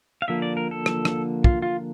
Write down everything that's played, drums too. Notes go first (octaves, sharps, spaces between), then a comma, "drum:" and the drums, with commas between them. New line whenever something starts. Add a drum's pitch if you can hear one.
F5
D3 F3 A#3 E5
D5
A#4
A4
drum: rim click
drum: rim click
F4, drum: kick
F4